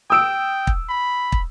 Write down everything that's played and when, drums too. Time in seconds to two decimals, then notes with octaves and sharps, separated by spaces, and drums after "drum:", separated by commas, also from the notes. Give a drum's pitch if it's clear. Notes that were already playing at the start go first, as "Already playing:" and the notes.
0.10 G5 D#6 E6 D7
0.67 drum: kick
0.89 B5
1.32 drum: kick